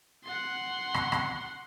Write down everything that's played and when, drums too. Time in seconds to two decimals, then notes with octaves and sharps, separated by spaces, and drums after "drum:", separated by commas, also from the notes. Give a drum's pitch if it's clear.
0.24 F#5 C6
0.94 drum: rim click
1.12 drum: rim click